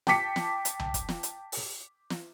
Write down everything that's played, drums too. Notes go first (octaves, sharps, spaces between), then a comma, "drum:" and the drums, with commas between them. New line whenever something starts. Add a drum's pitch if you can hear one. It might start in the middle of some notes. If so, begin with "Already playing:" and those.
G5 A5 D6 B6 C#7, drum: snare
drum: snare
drum: hi-hat
drum: tom C2
drum: kick, hi-hat
drum: snare
drum: hi-hat
drum: open hi-hat
drum: snare